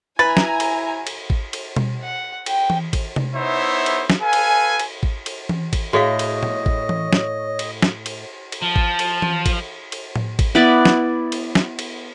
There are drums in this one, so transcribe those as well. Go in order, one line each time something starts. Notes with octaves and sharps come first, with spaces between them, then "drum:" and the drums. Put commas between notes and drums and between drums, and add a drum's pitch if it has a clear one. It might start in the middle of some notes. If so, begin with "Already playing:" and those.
E4 B4 G#5 A#5 A6
drum: snare
drum: cymbal
drum: cymbal
drum: kick G#1
drum: cymbal
drum: tom B2
F#5
G5, drum: cymbal
drum: tom E3
drum: kick G#1, cymbal
drum: tom C3
B3 D#4 E4 C5 C#5 E5
drum: cymbal
drum: snare
A4 B4 F5 G#5
drum: cymbal
drum: cymbal
drum: kick G#1
drum: cymbal
drum: tom E3
drum: kick G#1, cymbal
A2 F#4 G#4 C#5 D#5 F5
drum: cymbal
drum: tom A2
drum: kick G#1
drum: tom E3
drum: snare
drum: cymbal
drum: snare
drum: cymbal
drum: cymbal
F3 A5
drum: kick G#1
drum: cymbal
drum: tom E3
drum: kick G#1, cymbal
drum: cymbal
drum: tom A2
drum: kick G#1, cymbal
B3 E4 B4 D5
drum: snare
drum: cymbal
drum: snare
drum: cymbal